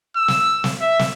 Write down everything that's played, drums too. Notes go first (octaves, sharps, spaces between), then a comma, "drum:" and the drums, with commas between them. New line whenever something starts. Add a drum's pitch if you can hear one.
E6
drum: snare
drum: snare
E5
drum: snare